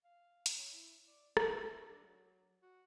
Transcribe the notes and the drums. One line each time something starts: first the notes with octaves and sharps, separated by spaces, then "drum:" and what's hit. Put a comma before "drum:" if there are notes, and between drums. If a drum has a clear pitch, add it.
F5
drum: hi-hat
C#5
E4
D5
C4, drum: rim click
E5
D4
F#3
F#4